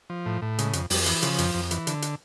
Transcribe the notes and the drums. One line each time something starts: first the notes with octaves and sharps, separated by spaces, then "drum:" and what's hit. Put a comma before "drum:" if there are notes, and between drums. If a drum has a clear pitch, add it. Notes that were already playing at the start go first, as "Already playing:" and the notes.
F3
A2
A2
C#3 G#3, drum: hi-hat
F2, drum: hi-hat
F2 G3, drum: open hi-hat
E3, drum: hi-hat
C#3 F3, drum: hi-hat
F2, drum: hi-hat
F2
E3, drum: hi-hat
D3, drum: hi-hat
drum: hi-hat